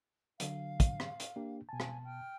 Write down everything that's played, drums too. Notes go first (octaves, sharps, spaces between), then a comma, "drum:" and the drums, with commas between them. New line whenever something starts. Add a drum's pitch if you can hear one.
D3 F#3 F5, drum: hi-hat
drum: kick, hi-hat
drum: rim click
drum: hi-hat
A#3 D4 G4
B2 G#5 A5
drum: rim click
G5 F6